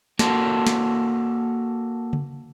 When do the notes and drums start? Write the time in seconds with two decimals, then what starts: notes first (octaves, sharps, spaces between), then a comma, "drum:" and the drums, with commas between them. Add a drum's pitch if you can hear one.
0.19 A#3 F#4 A4, drum: snare
0.67 drum: snare
2.13 drum: tom C#3